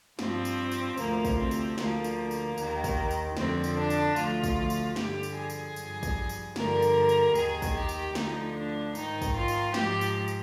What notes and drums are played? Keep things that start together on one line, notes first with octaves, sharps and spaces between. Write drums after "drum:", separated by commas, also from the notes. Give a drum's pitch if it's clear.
G2 F3 C4, drum: snare
drum: tambourine
drum: tambourine
D2 C3 F3 A#3, drum: tambourine
drum: kick, tambourine
C4
drum: tambourine
D2 D3 F3 A#3, drum: snare
drum: tambourine
drum: tambourine
D#2 D#3, drum: tambourine
drum: kick, tambourine
drum: tambourine
F2 D3 F3 C4, drum: snare
drum: tambourine
D4
drum: tambourine
D2 D3 F3 F4, drum: tambourine
drum: kick, tambourine
drum: tambourine
G2 D3 F3 G4, drum: snare
drum: tambourine
G#4
drum: tambourine
G2 F3, drum: tambourine
drum: kick, tambourine
drum: tambourine
G2 D3 F3 A#4, drum: snare
drum: tambourine
drum: tambourine
D#2 D#3 G#4, drum: tambourine
drum: kick, tambourine
G4
drum: tambourine
D2 D3 F3 D#4, drum: snare
D4
G#2 D#3 D#4, drum: tambourine
drum: kick, tambourine
F4
drum: tambourine
G#2 F3 G4, drum: snare
drum: tambourine
drum: tambourine